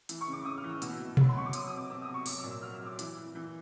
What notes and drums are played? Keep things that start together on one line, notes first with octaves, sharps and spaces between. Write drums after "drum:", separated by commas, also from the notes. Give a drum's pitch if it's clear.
E3, drum: hi-hat
C#6
C#3
D6
C#3 D#6
F6
E3
E6
B2 E6, drum: hi-hat
B2
F#3 B5, drum: tom B2
C6
B2 C#6
D6
F#3 D#6, drum: hi-hat
D#6
C3
D6
C3 E6
D#6
C3
C#6
F#3 D6, drum: open hi-hat
E6
A#2
E6
F#3 F6
E6
F#3
D6
E3, drum: hi-hat
E3
E3